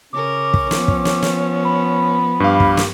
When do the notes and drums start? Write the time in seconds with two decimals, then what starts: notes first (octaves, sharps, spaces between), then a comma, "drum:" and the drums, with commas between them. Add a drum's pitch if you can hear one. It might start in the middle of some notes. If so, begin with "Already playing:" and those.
0.13 C#3 C#4 A#4 D6
0.54 drum: kick
0.71 F3 B3, drum: snare
0.88 drum: kick
1.05 drum: snare
1.22 drum: snare
1.65 B5
2.40 G2 G4 F5
2.60 drum: kick
2.77 drum: snare